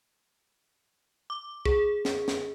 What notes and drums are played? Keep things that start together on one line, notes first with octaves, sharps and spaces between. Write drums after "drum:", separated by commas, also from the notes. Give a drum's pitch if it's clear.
D6
G#4, drum: kick
drum: snare
drum: snare